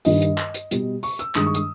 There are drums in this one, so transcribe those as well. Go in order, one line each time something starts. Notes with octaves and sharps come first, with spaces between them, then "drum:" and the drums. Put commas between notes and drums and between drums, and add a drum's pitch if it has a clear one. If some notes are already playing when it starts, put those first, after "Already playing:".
G2 D#3 G3 D#5, drum: open hi-hat
drum: hi-hat
drum: clap
drum: hi-hat
B2 G3, drum: hi-hat
C#6, drum: open hi-hat
E6, drum: hi-hat
G2 D#3 G#3 D#6, drum: clap
C#6
D#6, drum: hi-hat